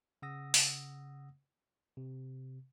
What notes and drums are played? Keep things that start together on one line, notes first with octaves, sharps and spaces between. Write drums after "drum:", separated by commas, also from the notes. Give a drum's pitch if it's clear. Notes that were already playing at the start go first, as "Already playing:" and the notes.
C#3 F#5 D#6 E6 A#6
drum: open hi-hat
C3